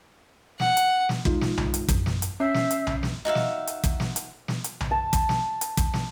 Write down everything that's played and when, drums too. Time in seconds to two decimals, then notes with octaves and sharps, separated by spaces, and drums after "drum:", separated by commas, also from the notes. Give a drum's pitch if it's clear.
0.60 F#5, drum: snare
0.77 drum: hi-hat
1.09 drum: snare
1.25 G#3 D#4 F4, drum: kick
1.41 drum: snare
1.57 drum: tom B1
1.74 drum: hi-hat
1.89 A1 F#2, drum: kick, hi-hat
2.06 drum: snare
2.22 drum: hi-hat
2.40 C#4 E5 G6 C7
2.54 drum: snare
2.71 drum: hi-hat
2.87 drum: tom B1
3.03 drum: snare
3.25 D#4 F#4 E5 F5
3.35 drum: snare
3.67 drum: hi-hat
3.84 drum: kick, hi-hat
4.00 drum: snare
4.16 drum: hi-hat
4.48 drum: snare
4.64 drum: hi-hat
4.80 drum: tom B1
4.91 A5
5.13 drum: kick, hi-hat
5.29 drum: snare
5.61 drum: hi-hat
5.77 drum: kick, hi-hat
5.94 drum: snare